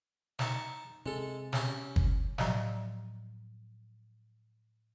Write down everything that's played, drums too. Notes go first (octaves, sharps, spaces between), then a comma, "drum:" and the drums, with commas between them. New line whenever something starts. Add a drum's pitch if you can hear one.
D#4 A5 C#6, drum: snare
C3 G#3 A4
C#4 G4, drum: snare
drum: kick
A2 F3 F#3 D5 D#5 F5, drum: snare